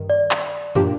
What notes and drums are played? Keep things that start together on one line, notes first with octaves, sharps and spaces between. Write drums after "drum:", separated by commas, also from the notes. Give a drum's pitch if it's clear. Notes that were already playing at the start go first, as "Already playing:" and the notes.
Already playing: G2 D#3
D5
drum: clap
A#2 F3 A#3 D4 G4, drum: tom F2